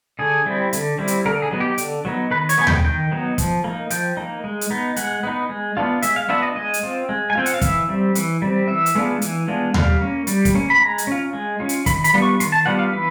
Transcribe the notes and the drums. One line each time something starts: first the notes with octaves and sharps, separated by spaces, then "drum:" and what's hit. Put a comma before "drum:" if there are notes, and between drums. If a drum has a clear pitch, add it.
D3 G#4
G3 C4 E4
D3, drum: hi-hat
G3 C4 E4
drum: hi-hat
D3 A#4
G#4
F#3 B3 D#4
G4
D3, drum: hi-hat
F#3 B3 D#4
D#3 B4
C#5, drum: hi-hat
F#3 B3 D#4 G#5
G5, drum: tom D#2
D#3 G5
F#3 B3 D#4
F3, drum: kick, hi-hat
A#3 D#4
F3 G5, drum: hi-hat
A#3 D#4
G#3
drum: hi-hat
B3 D#4
G#3 F#5, drum: hi-hat
B3 D#4
G#3
B3 D4 F4
G#3 E5, drum: hi-hat
F5
B3 D4 F4 E5
D#5
G#3 D#5
drum: hi-hat
C4 F4
G#3
G#5
C4 F4 G5
F#5, drum: hi-hat
F5
E3 E5, drum: kick, hi-hat
G3 C4
E3, drum: hi-hat
G3 C4
E3 E5
drum: hi-hat
G#3 B3 D4 F4
E3, drum: hi-hat
G#3 B3 D4 F4
G3 F5, drum: tom D#2
A#3 C#4
G3, drum: hi-hat
drum: kick, hi-hat
A#3 C#4
B5
G#3 A#5
drum: hi-hat
C#4 F4
G#3
C#4 F4
drum: hi-hat
D#3 B5, drum: kick, hi-hat
B5, drum: hi-hat
G3 B3 D4 F4
C#6
D#3 C6, drum: hi-hat
A5
G3 B3 D4 F4 F#5
F5
E3 B4